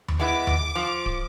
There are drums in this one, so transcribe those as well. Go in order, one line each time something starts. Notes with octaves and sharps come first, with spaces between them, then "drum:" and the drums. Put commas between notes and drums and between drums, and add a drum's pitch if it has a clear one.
drum: tom D#2
G#3 B3 E4 D6
drum: tom D#2
F3
drum: kick